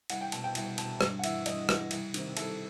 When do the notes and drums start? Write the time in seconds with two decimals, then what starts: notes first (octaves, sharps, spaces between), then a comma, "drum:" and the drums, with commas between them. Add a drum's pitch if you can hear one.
0.10 C2 F#5, drum: cymbal
0.21 G5
0.32 B2 A5, drum: cymbal
0.44 G5
0.55 C2 G5, drum: cymbal
0.78 B2 A5, drum: cymbal
1.01 G2, drum: rim click
1.19 F#5
1.24 E3 E5, drum: cymbal
1.46 G2 D#5, drum: cymbal
1.69 E3, drum: rim click
1.91 C2, drum: cymbal
2.14 C3 D#3, drum: cymbal
2.37 C2 A4, drum: cymbal